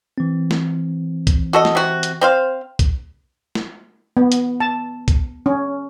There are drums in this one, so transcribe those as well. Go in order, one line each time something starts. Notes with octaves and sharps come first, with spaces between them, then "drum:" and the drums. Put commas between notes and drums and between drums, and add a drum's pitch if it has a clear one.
E3 C4
drum: snare
drum: kick C2, hi-hat
F#4 A4 D#5
drum: snare
C3 F#4
drum: hi-hat
C4 C5 F5
drum: kick C2, hi-hat
drum: snare
B3
drum: hi-hat
A5
drum: kick C2, hi-hat
C#4